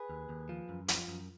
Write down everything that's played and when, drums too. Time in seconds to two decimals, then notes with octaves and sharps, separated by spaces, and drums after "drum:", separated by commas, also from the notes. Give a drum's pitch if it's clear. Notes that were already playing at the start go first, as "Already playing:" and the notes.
Already playing: G#4 B4
0.10 D#2
0.29 D#2
0.49 F3
0.69 F#2
0.88 F3, drum: hi-hat
1.08 F#2